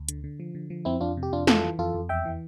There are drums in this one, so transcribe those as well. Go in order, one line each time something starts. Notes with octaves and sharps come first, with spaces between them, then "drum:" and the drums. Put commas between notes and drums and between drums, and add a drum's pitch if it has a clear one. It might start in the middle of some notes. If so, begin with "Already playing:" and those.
Already playing: D2
D3, drum: hi-hat
D3
F3
D3
F3
F2 C4 E4
F2 D4 F4
C3
G4
F2 D4 F4
E3 F4 A4, drum: snare
E3
F2 F4 A4
F2
E2 E5 G5
E3